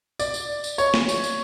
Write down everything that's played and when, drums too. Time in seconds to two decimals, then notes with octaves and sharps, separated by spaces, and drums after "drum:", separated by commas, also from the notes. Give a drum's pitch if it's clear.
0.19 D5, drum: tambourine
0.34 drum: tambourine
0.64 drum: tambourine
0.78 C#5, drum: tambourine
0.94 drum: snare
1.09 drum: tambourine
1.24 drum: tambourine